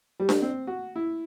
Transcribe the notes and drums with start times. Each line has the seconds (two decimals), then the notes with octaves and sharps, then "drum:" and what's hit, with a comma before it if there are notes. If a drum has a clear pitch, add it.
0.20 G3
0.29 drum: snare D4
0.42 C4
0.67 F#4
0.96 E4